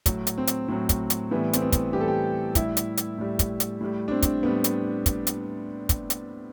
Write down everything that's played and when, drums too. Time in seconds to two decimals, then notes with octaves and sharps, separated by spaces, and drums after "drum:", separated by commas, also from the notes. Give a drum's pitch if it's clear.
0.06 A2 F#3, drum: kick, hi-hat
0.27 drum: hi-hat
0.38 C4
0.47 drum: hi-hat
0.68 A2 F#3 C4
0.89 drum: kick, hi-hat
1.10 drum: hi-hat
1.31 A2 E3 G3 B3
1.53 C4, drum: hi-hat
1.62 B3
1.72 drum: kick, hi-hat
1.93 A2 E3 G3 G4
2.01 A4
2.08 G4
2.55 A2 G3 E4, drum: kick, hi-hat
2.77 drum: hi-hat
2.97 drum: hi-hat
3.18 A2 G3
3.39 drum: kick, hi-hat
3.60 drum: hi-hat
3.81 A2 G3
4.08 D4
4.11 C4
4.22 drum: kick, hi-hat
4.43 A2 G3 B3
4.64 drum: hi-hat
5.06 drum: kick, hi-hat
5.27 drum: hi-hat
5.89 drum: kick, hi-hat
6.10 drum: hi-hat